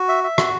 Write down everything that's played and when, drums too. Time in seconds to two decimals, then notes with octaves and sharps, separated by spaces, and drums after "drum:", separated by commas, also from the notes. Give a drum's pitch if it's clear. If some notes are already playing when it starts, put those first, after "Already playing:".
Already playing: F#4
0.09 E5
0.24 E5
0.38 F#4, drum: rim click